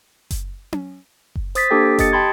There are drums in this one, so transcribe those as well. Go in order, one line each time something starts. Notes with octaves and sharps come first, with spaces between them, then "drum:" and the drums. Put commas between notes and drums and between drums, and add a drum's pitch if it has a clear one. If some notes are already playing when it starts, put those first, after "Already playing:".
drum: kick F#1, hi-hat
drum: tom C#4
drum: kick F#1
C5 D#6 A6 B6, drum: hi-hat
A#3 D4 G4 A4 G5
G4 D#5 D#6 A6 C#7, drum: kick F#1, hi-hat
G5 A5 B5 C6 G#6